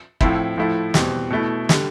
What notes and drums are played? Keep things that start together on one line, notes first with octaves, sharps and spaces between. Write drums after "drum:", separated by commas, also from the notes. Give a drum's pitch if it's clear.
A2 F3 C4 E4, drum: kick
A2 F3 A3 E4
E2 B2 G3 C4, drum: snare
B2 A3 E4
D3 G3, drum: snare